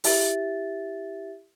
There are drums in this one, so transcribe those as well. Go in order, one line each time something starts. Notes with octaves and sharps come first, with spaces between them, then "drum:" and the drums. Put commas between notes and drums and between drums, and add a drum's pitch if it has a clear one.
E4 G4 E5 A6, drum: open hi-hat